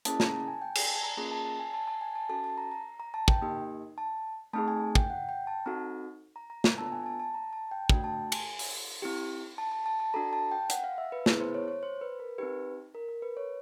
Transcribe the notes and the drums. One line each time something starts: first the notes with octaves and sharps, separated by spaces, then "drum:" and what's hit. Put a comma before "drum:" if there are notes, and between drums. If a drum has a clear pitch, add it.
A#3 C#4 E4 G#4 A5, drum: hi-hat
A#5, drum: snare
A5
G#5
G5
G#5, drum: cymbal
A5
A#5
A#3 C#4 F4 G#4 A#5
A5
A5
G#5
A5
A5
G#5
A5
C#4 F#4 A4 A5
A5
A#5
A#5
A#5
A5
G5, drum: kick
A#3 D#4 G4
A5
A3 C4 D#4 G#4 A5
G#5
G5, drum: kick
F#5
G5
A5
C4 D#4 F#4 A4 A#5
A#5
A#5
A#5, drum: snare
B3 D4 F4 A4 A5
G#5
A5
A5
A#5
A5
G5
A3 D4 F#4 G5, drum: kick
A5
G#5, drum: cymbal
drum: open hi-hat
C4 E4 G4
A5
A5
A5
A5
D4 F#4 A4 A#5
A5
G5
F#5, drum: hi-hat
F5
E5
B4
B3 E4 G#4 B4, drum: snare
C5
C#5
C#5
C5
B4
A#4
C4 D#4 G4 B4
A#4
A#4
B4
C#5